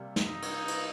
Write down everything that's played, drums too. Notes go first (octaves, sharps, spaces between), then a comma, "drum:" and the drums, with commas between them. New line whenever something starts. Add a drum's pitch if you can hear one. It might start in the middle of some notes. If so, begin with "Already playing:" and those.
Already playing: C3 G3 A#3
D#4, drum: snare
drum: cymbal
drum: cymbal